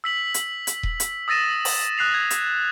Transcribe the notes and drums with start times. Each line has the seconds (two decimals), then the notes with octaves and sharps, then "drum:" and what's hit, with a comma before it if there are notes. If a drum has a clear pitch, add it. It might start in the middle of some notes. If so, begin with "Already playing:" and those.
0.04 E6 B6 F#7
0.34 drum: hi-hat
0.67 drum: hi-hat
0.83 drum: kick D#1
1.00 drum: hi-hat
1.28 D#6 E6 A6 A#6 D#7 E7
1.65 drum: open hi-hat
1.98 D#6 F#6 C7 F7
2.14 G#6
2.30 drum: hi-hat